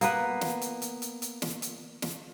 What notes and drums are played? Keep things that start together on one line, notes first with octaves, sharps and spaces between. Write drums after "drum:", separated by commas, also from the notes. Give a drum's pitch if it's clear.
A#3 B3 B4, drum: hi-hat
drum: snare
drum: hi-hat
drum: hi-hat
drum: hi-hat
drum: hi-hat
drum: snare
drum: hi-hat
drum: snare